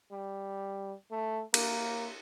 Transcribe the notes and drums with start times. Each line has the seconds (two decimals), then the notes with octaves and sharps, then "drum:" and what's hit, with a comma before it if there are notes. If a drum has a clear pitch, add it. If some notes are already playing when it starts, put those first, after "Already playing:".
0.12 G3
1.11 A3
1.54 A#3, drum: cymbal